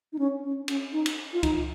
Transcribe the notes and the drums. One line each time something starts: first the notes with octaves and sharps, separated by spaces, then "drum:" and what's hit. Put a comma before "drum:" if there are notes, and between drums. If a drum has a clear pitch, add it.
D#4
C#4
C#4
C#4, drum: cymbal
D#4
drum: cymbal
F4
D#4, drum: kick C#2, cymbal